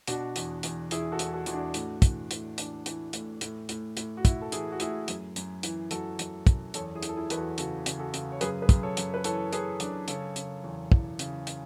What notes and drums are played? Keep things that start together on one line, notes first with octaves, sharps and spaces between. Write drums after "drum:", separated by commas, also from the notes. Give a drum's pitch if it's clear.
B2 D4 F#4, drum: hi-hat
E2, drum: hi-hat
E2, drum: hi-hat
E2 E4 G#4, drum: hi-hat
F#4 A4
E2, drum: hi-hat
F#4 A4
E2 E4, drum: hi-hat
D4 F#4
A2, drum: hi-hat
E3, drum: kick, hi-hat
A2, drum: hi-hat
E3 D4, drum: hi-hat
E3, drum: hi-hat
A2, drum: hi-hat
A2, drum: hi-hat
A2, drum: hi-hat
A2, drum: hi-hat
F#4
A2 E4, drum: kick, hi-hat
A4
E3 E4 G#4, drum: hi-hat
F#4
A2 E4 G#4, drum: hi-hat
F#2, drum: hi-hat
F#2, drum: hi-hat
E3, drum: hi-hat
F#2 F#4 A4, drum: hi-hat
F#2, drum: hi-hat
F#2, drum: kick, hi-hat
E2 A4 C#5, drum: hi-hat
E4 G#4
E3, drum: hi-hat
A4
E4 G#4
E2 B4, drum: hi-hat
F#4 A4
C#3 F#4 A4, drum: hi-hat
C#3, drum: hi-hat
F#4 A4
C#3, drum: hi-hat
C#5
F#2 G#4 B4, drum: hi-hat
G#4 B4
F#2, drum: kick, hi-hat
A4 C#5
F#2, drum: hi-hat
B4
E3 A4 C#5, drum: hi-hat
E3 G#4 B4, drum: hi-hat
F#2 D4, drum: hi-hat
C#3 A4 C#5, drum: hi-hat
C#3, drum: hi-hat
E2
E3, drum: kick
C#3, drum: hi-hat
drum: hi-hat